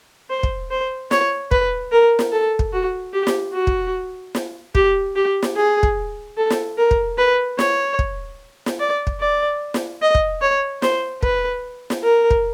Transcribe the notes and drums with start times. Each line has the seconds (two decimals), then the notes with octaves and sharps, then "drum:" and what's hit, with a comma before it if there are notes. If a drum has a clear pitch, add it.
0.30 C5
0.43 drum: kick
0.71 C5
1.11 C#5, drum: snare
1.51 B4, drum: kick
1.92 A#4
2.19 drum: snare
2.32 A4
2.59 drum: kick
2.73 F#4
3.13 G4
3.27 drum: snare
3.54 F#4
3.67 drum: kick
4.35 drum: snare
4.75 G4, drum: kick
5.16 G4
5.43 drum: snare
5.56 G#4
5.83 drum: kick
6.37 A4
6.50 drum: snare
6.78 A#4
6.91 drum: kick
7.18 B4
7.59 C#5, drum: snare
7.99 drum: kick
8.66 drum: snare
8.80 D5
9.07 drum: kick
9.20 D5
9.74 drum: snare
10.01 D#5
10.15 drum: kick
10.41 C#5
10.82 C5, drum: snare
11.23 B4, drum: kick
11.90 drum: snare
12.03 A#4
12.31 drum: kick